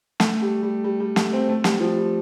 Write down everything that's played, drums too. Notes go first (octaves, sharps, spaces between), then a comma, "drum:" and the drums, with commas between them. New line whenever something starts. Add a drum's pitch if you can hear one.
A3, drum: snare
G3
G3
G3
G3
A3, drum: snare
C4
A3
G3, drum: snare
F3
G3